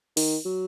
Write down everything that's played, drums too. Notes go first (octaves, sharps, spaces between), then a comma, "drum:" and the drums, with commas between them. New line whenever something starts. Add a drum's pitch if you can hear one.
D#3, drum: open hi-hat
F#3